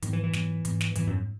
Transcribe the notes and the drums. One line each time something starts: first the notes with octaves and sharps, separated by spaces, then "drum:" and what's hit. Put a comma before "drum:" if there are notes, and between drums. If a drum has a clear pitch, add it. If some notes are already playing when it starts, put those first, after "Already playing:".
G#2 D#3 F#3 B3, drum: hi-hat
E3
E3
G#2 F#3 B3, drum: snare
G#2 F#3 B3, drum: hi-hat
drum: snare
G#2 E3 F#3 B3, drum: hi-hat
F#2